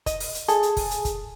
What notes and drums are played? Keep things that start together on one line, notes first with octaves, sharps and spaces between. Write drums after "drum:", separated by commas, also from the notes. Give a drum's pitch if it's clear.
D#5, drum: kick, hi-hat
drum: open hi-hat
drum: hi-hat
G#4 A4, drum: hi-hat
drum: hi-hat
drum: kick, open hi-hat
drum: hi-hat
drum: kick, hi-hat